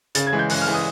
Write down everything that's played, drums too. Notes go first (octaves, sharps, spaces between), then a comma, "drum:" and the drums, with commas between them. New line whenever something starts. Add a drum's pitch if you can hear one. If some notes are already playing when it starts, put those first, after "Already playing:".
C#3 A6, drum: hi-hat
G#6
E3 G#3
G6
C#3 F#6, drum: open hi-hat
F6
E3 G#3
D#6